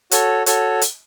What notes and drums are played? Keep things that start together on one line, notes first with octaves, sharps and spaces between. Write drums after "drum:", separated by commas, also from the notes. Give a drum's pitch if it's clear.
F#4 A4 C#5, drum: hi-hat
F#4 A4 C#5, drum: hi-hat
drum: hi-hat